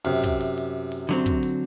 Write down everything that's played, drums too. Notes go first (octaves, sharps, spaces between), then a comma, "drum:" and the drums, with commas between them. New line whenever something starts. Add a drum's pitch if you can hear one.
F#2 C3, drum: open hi-hat
drum: kick, hi-hat
drum: open hi-hat
drum: open hi-hat
drum: open hi-hat
D3 F#3 C4, drum: open hi-hat
drum: kick, hi-hat
drum: open hi-hat